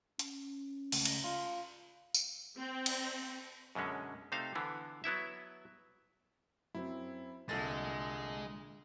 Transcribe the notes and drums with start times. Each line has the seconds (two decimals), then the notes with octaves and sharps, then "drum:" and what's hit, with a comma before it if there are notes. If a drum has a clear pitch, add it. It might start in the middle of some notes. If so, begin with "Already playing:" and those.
0.19 C#4, drum: hi-hat
0.92 C#2 A3, drum: open hi-hat
1.05 drum: cymbal
1.24 F4
2.14 drum: tambourine
2.60 C4
2.86 drum: cymbal
3.75 F#2 B2 D3 G#3 C#4
4.32 C3 A3 D#4 C5 F5
4.55 D3 E3 B3
5.04 F#3 B3 E4 E5
6.75 F#2 C4 E4
7.49 C2 A#2 D3 G#3 A4 A6